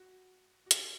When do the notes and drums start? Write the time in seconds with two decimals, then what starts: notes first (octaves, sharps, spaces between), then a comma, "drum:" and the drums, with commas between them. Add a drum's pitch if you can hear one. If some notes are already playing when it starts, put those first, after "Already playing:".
Already playing: F#4
0.66 F#4
0.71 G4, drum: hi-hat